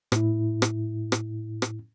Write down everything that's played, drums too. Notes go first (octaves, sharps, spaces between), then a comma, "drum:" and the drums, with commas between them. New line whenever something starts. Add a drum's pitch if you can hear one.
A2 E4, drum: rim click
drum: rim click
drum: rim click
drum: rim click